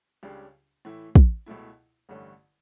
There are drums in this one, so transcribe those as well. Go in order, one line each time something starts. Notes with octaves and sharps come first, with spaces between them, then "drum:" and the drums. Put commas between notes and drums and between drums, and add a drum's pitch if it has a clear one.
C#2 C#3 G3 D4 G4
A2 E3 A3 E4
drum: kick
C#2 B2 A3 E4
A1 G2 D3 A3 C#4